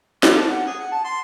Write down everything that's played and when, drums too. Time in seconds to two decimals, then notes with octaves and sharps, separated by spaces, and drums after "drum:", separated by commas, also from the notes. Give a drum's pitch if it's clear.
0.23 D6, drum: snare
0.36 D4
0.48 F#5
0.66 G#4
0.80 F#5
0.92 A5
1.04 C6